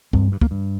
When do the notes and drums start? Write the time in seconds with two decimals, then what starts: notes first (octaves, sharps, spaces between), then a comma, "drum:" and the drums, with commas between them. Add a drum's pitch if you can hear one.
0.13 G2 C4, drum: kick
0.32 G2
0.41 A#3, drum: kick
0.51 G2